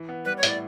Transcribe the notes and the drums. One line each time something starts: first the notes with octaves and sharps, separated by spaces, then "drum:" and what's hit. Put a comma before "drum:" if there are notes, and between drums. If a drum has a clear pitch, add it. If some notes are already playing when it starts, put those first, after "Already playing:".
Already playing: E3
B3
G3 B4
C#5
A2, drum: hi-hat
D5